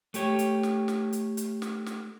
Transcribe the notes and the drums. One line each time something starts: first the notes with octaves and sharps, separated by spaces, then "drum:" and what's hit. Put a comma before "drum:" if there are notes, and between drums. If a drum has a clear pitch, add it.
A3 G4 C#5, drum: hi-hat
drum: hi-hat
drum: snare
drum: snare
drum: hi-hat
drum: hi-hat
drum: snare
drum: snare